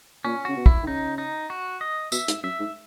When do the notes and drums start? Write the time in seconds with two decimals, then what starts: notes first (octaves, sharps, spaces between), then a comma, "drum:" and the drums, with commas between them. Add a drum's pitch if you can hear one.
0.25 A#2 C#4
0.45 C#3 F#4
0.57 B2
0.66 E4, drum: kick
0.83 D#3
0.87 C#3 D#4
1.18 D#4
1.50 F#4
1.81 D#5
2.12 B2 E5, drum: tambourine
2.28 G#2, drum: hi-hat
2.43 F#2 E5
2.60 G#2